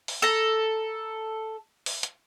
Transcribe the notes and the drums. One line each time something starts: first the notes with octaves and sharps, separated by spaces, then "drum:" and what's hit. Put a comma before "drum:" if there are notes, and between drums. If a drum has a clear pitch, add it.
drum: open hi-hat
A4 A#5
drum: open hi-hat
drum: hi-hat